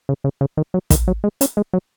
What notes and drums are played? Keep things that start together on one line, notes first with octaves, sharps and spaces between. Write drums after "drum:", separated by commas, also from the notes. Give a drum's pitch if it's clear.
C#3
C#3
C#3
D#3
F#3
D#3, drum: kick, hi-hat
F#3
G#3
C#4, drum: hi-hat
G#3
F#3